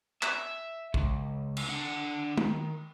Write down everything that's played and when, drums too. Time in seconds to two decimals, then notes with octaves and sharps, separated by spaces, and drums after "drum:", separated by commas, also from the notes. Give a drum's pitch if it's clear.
0.22 E5, drum: clap
0.94 C#2, drum: kick
1.57 drum: cymbal
1.68 D3 F#5
2.38 D#3, drum: tom